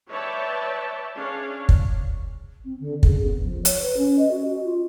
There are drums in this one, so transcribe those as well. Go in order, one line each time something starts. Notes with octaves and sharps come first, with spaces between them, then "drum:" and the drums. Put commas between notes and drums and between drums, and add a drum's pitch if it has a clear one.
B4 C#5 D5 E5 G5 A5
C#4 D4 G#4 C#5 F5
drum: kick
C4
D3
C#3, drum: kick
B3
F3
C#5, drum: hi-hat
B4
C#4
D#5
F#4
F#4
F4